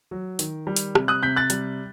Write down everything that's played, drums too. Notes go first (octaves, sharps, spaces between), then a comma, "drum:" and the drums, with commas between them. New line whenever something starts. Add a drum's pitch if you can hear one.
F#3
D#3, drum: hi-hat
G3
drum: hi-hat
C3, drum: rim click
D#6 F#6
C3 G6 B6
F#6 A6
G3, drum: hi-hat